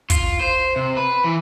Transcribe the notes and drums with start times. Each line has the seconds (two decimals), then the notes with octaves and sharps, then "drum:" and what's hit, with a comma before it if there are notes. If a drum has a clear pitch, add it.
0.10 F4, drum: kick, hi-hat
0.40 C5
0.76 C3
0.97 B4
1.24 E3